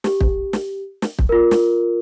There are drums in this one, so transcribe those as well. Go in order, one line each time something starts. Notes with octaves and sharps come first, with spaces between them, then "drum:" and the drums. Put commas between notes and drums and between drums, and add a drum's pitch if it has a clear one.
G4, drum: snare
drum: kick
drum: snare
drum: snare
drum: kick
F4 A#4
drum: snare